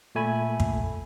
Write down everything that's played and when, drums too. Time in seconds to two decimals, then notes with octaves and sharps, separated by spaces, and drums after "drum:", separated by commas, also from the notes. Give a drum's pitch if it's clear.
0.15 A#2 A3 G#5 B5
0.60 drum: kick